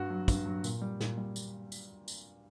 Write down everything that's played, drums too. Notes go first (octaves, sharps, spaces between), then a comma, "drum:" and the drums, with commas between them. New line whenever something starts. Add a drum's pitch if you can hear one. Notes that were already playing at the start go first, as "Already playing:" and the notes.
Already playing: G2 F#4
F#3
G2, drum: kick, tambourine
F#3
A#2, drum: tambourine
G3
A#2, drum: snare
G3
drum: tambourine
drum: tambourine
drum: tambourine